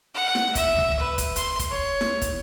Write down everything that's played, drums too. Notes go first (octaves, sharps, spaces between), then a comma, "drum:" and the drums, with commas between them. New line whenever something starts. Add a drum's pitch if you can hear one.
F#5
drum: snare E4
E5, drum: kick, hi-hat
drum: tom C#2
B4
drum: kick, hi-hat
C6, drum: hi-hat
drum: kick, hi-hat
C#5
drum: snare E4
drum: kick, hi-hat